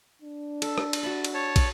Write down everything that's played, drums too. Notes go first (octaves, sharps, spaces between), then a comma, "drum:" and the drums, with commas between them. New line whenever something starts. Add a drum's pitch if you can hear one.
D4
A4, drum: cymbal
drum: rim click
drum: cymbal
F#4 E5 A5 B5
drum: cymbal
C#5 A5
drum: kick, cymbal